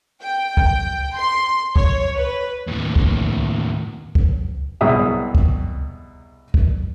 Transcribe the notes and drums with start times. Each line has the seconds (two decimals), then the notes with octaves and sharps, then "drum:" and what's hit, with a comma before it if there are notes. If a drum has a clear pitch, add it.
0.23 G5
0.57 drum: kick
1.17 C6
1.76 C#5, drum: kick
2.16 B4
2.68 D#2 A2
2.96 drum: kick
4.15 drum: kick
4.81 C2 B2 F#3 G#4 E5 D#6
5.35 drum: kick
6.54 drum: kick